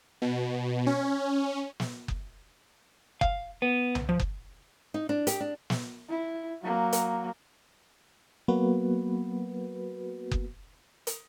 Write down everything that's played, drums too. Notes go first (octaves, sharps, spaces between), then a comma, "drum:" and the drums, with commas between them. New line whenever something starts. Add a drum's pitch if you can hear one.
B2
C#4
drum: snare
drum: kick F#1
F5, drum: kick F#1
B3
drum: tom C2
F3
drum: kick F#1
D#4
D4
G4, drum: hi-hat
D4
drum: snare
E4
F#3 A#3
drum: hi-hat
F#3 A#3 B3 F#4 B4
drum: kick F#1
drum: hi-hat